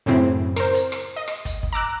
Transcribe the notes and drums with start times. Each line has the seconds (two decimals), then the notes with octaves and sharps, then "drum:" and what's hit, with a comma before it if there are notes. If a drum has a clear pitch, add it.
0.06 F#2 A2 C#3 C4 E4
0.56 A#4 C5, drum: rim click
0.74 drum: hi-hat
0.92 drum: rim click
1.16 D#5
1.28 drum: rim click
1.45 drum: kick, hi-hat
1.63 drum: kick
1.73 A#5 D6 E6 F#6